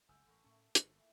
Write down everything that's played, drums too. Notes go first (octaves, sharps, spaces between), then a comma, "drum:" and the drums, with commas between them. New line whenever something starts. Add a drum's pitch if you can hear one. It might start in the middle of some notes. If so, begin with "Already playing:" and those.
F#1 C#2 G2 D3 G#5 E6 G6
A1 G2 D3 A#4 C#6
A2 A3 C#4
G1, drum: hi-hat
A#2 E3